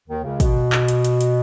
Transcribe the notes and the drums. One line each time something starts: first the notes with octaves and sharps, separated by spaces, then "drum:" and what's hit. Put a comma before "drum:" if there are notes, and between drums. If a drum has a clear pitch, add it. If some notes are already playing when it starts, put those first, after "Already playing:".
D#2 D#3
C#2 C#3
B2, drum: kick, hi-hat
drum: clap
drum: hi-hat
drum: hi-hat
drum: hi-hat